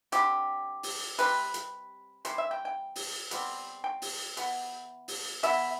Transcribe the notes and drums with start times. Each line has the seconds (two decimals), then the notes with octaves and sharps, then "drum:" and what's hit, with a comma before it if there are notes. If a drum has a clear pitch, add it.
0.12 D3 G3 C4 G4, drum: hi-hat
0.83 drum: open hi-hat
1.18 C3 G3 C4 B4, drum: hi-hat
1.54 drum: hi-hat
2.25 C3 E3 G3 C5, drum: hi-hat
2.38 E5
2.51 G5
2.65 G5
2.96 drum: open hi-hat
3.31 B2 G3 C4, drum: hi-hat
3.84 G5
4.02 drum: open hi-hat
4.37 E3 B3, drum: hi-hat
5.08 drum: open hi-hat
5.43 E3 B3 E5, drum: hi-hat